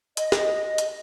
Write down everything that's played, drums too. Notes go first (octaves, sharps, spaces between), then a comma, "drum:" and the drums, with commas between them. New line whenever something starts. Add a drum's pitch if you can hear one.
D#5, drum: hi-hat
drum: snare
drum: hi-hat